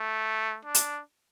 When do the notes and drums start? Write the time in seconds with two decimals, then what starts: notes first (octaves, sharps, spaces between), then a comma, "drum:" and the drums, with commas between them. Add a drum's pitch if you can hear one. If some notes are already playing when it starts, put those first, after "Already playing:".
Already playing: A3
0.65 D4
0.75 drum: hi-hat